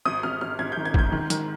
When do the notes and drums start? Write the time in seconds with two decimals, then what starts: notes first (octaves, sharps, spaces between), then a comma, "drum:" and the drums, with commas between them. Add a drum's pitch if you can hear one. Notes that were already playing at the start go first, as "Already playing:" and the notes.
0.05 G#1 D#6
0.23 G#1 F6
0.41 G#1 F6
0.59 G#1 G#6
0.72 G6
0.77 D#3
0.85 G#6
0.94 G#2 G6, drum: kick
1.12 D#3
1.30 D#3, drum: hi-hat